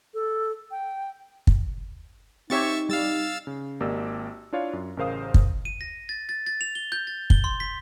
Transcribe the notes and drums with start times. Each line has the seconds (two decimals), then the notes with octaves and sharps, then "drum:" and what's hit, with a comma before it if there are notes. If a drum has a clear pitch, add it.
0.14 A4
0.71 G5
1.47 drum: kick
2.50 C4 D#4 G4 C#5 E5 C#6 A6
2.89 G3 F5 E6 A6
3.47 C#3
3.80 G#1 A#3 G4 D5 D#5 E6
4.53 D4 E4 F4 C#5 D5 F5
4.73 F#2
4.97 A1 C#3 A#4 C5 F5 D#6
5.34 drum: kick
5.65 D#7
5.81 A#6
6.09 A6
6.29 A6
6.47 A6
6.61 F7
6.75 G7
6.92 G6
7.07 A6
7.30 G7, drum: kick
7.44 C6
7.60 B6